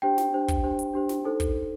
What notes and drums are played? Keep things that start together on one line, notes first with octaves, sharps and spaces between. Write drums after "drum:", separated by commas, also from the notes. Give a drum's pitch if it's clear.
D4 G4 C5 G5
drum: snare
D4 G4 C5
drum: kick, hi-hat
D4 G4 C5
drum: hi-hat
D4 G4 C5
drum: snare
D#4 A4 C5
drum: kick, hi-hat